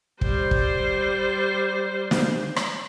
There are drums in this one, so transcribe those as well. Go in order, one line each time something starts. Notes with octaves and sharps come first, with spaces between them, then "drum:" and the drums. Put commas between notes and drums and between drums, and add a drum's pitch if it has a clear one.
G3 C5, drum: kick
drum: kick
drum: snare
drum: rim click